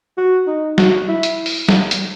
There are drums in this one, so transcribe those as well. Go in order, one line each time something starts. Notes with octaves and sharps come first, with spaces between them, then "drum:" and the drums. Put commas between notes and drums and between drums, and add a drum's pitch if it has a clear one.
F#4
D#4
F#4, drum: snare
E4
drum: hi-hat
drum: open hi-hat
drum: snare
drum: hi-hat